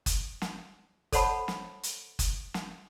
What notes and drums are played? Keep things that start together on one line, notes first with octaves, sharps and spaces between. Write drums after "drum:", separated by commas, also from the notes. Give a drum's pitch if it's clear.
drum: kick F#1, hi-hat
drum: snare
A4 C5 C#5 F#5 A5 B5, drum: kick F#1, hi-hat
drum: snare
drum: hi-hat
drum: kick F#1, hi-hat
drum: snare